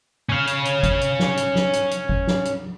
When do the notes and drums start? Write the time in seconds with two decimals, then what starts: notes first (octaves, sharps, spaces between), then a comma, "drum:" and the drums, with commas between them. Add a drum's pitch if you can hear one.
0.29 C#4 F5
0.47 drum: hi-hat
0.65 drum: hi-hat
0.83 drum: kick G#1, hi-hat
1.01 drum: hi-hat
1.19 drum: snare
1.37 drum: hi-hat
1.55 drum: snare
1.73 drum: hi-hat
1.91 drum: hi-hat
2.09 drum: kick G#1
2.27 drum: snare
2.45 drum: hi-hat